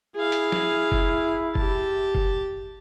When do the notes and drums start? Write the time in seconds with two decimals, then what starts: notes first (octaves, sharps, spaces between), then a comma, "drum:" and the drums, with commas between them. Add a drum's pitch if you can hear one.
0.16 E4 G#4 F5
0.32 drum: hi-hat
0.52 drum: snare
0.92 drum: kick F#1
1.55 G4 A5, drum: kick F#1
2.15 drum: kick F#1